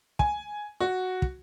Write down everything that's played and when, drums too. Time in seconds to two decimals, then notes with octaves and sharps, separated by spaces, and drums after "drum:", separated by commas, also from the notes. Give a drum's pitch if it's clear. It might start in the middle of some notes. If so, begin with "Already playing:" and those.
0.19 G#5, drum: kick
0.80 F#4
1.22 drum: kick